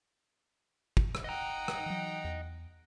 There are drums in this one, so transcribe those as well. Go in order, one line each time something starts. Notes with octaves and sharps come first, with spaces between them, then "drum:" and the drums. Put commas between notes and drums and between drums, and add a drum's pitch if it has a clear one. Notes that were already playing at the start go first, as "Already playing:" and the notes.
drum: kick
drum: rim click
D#5 F#5 G5 A#5
drum: rim click
E3 F#3
E2